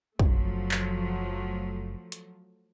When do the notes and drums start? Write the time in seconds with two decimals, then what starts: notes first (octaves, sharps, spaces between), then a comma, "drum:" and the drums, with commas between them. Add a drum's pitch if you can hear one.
0.19 F#1 F3 F#3 A3, drum: kick
0.71 drum: clap
2.12 drum: hi-hat